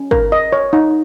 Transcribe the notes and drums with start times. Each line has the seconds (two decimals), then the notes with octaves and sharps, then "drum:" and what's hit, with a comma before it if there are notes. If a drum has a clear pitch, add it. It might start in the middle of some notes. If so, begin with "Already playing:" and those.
Already playing: C#4
0.11 A#4, drum: kick
0.32 D#5
0.53 C#5
0.73 D#4